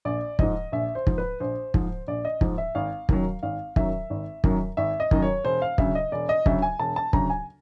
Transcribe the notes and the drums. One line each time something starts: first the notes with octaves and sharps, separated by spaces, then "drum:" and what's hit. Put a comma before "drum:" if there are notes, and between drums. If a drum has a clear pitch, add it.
A#1 D5
G#2 F3 D#5, drum: kick
A#1 E5
C5
G#2 F3, drum: kick
B4
A#1 C5
G#2 F3, drum: kick
A#1 D5
D#5
G#2 F3, drum: kick
E5
G#1 F5
F#2 D#3 F#3, drum: kick
G#1 F5
F#2 D#3 F#3 E5, drum: kick
G#1
F#2 D#3 F#3, drum: kick
G#1 E5
D#5
F#2 D#3 F#3, drum: kick
C#5
E1 C5
F5
D2 C#3 F#3 E5, drum: kick
D#5
E1 D5
D#5
D2 C#3 F#3 E5, drum: kick
G#5
E1 A5
A5
D2 C#3 F#3 A#5, drum: kick
G#5